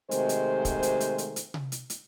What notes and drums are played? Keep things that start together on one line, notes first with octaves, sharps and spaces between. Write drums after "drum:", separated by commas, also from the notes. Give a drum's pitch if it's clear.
C3 D#3 G#3 A3 C5, drum: hi-hat
drum: hi-hat
drum: kick, hi-hat
drum: hi-hat
drum: hi-hat
drum: hi-hat
drum: hi-hat
drum: tom C3
drum: hi-hat
drum: hi-hat